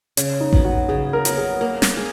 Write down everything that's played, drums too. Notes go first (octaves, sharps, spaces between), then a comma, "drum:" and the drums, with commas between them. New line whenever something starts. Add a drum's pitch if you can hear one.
C#3 C#4, drum: hi-hat
D#4
F#3 B3, drum: kick A1
F#4
C#3 G#4
A#4
F#3 B3, drum: hi-hat
G#4
A#3 A#4
drum: snare
G#4